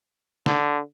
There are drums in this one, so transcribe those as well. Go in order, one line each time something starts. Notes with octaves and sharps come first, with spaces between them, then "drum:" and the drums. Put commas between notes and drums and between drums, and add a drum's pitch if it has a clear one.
D3, drum: snare